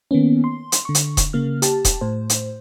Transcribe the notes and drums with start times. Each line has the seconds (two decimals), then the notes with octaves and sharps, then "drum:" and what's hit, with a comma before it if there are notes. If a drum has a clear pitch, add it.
0.11 D#3 A#3 B3 C#4
0.44 C6
0.72 drum: hi-hat
0.85 D3 C#6
0.95 drum: hi-hat
1.17 drum: kick D#1, hi-hat
1.33 C#3 A#3 F6
1.62 G4 A5, drum: hi-hat
1.85 drum: kick D#1, hi-hat
2.01 A2 C5
2.29 drum: hi-hat